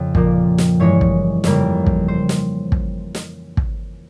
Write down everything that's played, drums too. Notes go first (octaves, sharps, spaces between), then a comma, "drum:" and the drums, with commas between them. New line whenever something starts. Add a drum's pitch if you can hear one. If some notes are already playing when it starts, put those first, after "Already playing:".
Already playing: F2 C#3 F5
A#2 F3 A#3, drum: kick
drum: snare
G2 E3 G#3 C#5
drum: kick
F2 C#3 G3 A#3, drum: snare
drum: kick
C5
drum: snare
drum: kick
drum: snare
drum: kick